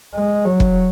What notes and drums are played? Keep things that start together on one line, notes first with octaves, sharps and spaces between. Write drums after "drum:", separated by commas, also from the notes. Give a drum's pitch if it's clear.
G#3
F#3
drum: kick